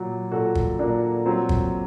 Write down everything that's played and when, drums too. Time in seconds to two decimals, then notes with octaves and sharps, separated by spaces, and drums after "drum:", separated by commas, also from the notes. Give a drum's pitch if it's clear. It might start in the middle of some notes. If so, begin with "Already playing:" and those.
Already playing: A#2 F#3
0.31 A#2 F#4 A4
0.55 drum: kick
0.79 A#2 A#3 D4
1.25 F#3 C4
1.49 drum: kick